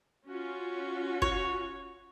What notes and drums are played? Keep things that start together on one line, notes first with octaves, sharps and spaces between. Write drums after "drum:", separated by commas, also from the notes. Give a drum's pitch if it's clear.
C#4 F4 F#4
C#5, drum: kick